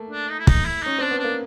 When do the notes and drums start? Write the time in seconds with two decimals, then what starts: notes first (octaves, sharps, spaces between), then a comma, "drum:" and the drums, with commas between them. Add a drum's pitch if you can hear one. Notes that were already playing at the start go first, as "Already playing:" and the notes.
Already playing: A3 A#3
0.10 D4
0.30 D#4
0.39 E4
0.47 D#4, drum: kick
0.65 E4
0.82 C#4 D#4
0.99 C4 D4
1.11 B3
1.19 D4
1.24 A#3